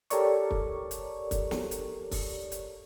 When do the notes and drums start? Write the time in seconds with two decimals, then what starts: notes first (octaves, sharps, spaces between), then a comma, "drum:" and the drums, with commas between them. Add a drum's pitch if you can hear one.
0.10 G4 A4 A#4 C#5 D5 C#6, drum: hi-hat
0.51 drum: kick
0.91 drum: hi-hat
1.31 drum: kick, hi-hat
1.51 drum: snare
1.71 drum: hi-hat
2.11 drum: kick, open hi-hat
2.52 drum: hi-hat